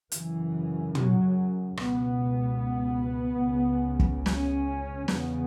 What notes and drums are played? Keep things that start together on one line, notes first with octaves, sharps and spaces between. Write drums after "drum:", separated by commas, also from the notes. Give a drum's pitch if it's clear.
F#2 C#3 E3, drum: hi-hat
F#3, drum: tom
C#2 B2 B3, drum: rim click
C#2 C#3
drum: kick
C#4, drum: snare
E2 C#3 B3, drum: snare